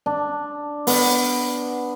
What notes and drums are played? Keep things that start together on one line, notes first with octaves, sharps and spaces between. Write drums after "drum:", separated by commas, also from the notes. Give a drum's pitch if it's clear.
D4
B3, drum: open hi-hat